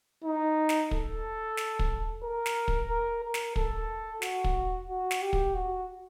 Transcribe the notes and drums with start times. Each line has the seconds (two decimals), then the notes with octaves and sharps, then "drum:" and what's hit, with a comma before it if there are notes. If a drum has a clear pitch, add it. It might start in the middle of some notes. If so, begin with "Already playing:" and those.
0.24 D#4
0.69 drum: snare
0.91 A4, drum: kick
1.57 drum: snare
1.79 drum: kick
2.23 A#4
2.46 drum: snare
2.68 drum: kick
2.89 A#4
3.23 A#4
3.34 drum: snare
3.56 A4, drum: kick
4.22 F#4, drum: snare
4.44 drum: kick
4.89 F#4
5.11 drum: snare
5.22 G4
5.33 drum: kick
5.54 F#4